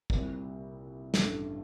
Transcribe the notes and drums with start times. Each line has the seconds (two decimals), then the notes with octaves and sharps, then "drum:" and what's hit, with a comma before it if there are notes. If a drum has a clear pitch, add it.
0.10 C2 A#2 G3 C4, drum: kick
1.14 A1 G2 D3 A3, drum: snare